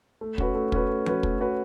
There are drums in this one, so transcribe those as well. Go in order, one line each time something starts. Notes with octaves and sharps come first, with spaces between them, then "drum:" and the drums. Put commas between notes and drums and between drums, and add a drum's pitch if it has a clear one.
A3
C#4 F#4 B4, drum: kick
A3
C#4 F#4 B4, drum: kick
A3
C#4 F#4 B4, drum: tom F3
A3, drum: kick
C#4 F#4 B4